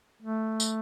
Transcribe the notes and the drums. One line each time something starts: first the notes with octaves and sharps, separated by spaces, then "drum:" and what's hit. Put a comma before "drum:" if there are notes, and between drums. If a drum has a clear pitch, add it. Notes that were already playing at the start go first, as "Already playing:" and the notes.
A3
drum: tambourine